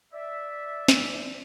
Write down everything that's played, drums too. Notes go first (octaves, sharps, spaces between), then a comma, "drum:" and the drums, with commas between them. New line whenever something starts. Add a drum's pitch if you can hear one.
D5 E5
drum: snare